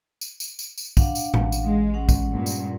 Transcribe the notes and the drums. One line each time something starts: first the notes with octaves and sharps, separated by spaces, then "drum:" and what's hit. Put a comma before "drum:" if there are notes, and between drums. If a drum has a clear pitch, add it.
drum: tambourine
drum: tambourine
drum: tambourine
drum: tambourine
D4 F5 F#5, drum: kick B1, tambourine
drum: tambourine
A1, drum: tom A2
drum: tambourine
G#3
C#4 F#5
drum: kick B1, tambourine
G2 A#2
drum: tambourine